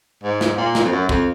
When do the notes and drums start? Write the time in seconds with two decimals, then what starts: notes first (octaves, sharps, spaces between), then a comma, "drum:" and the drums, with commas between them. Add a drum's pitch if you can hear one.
0.23 G#2
0.41 drum: snare
0.57 A#2
0.75 drum: snare
0.84 F2
0.92 F#2
1.09 F2, drum: kick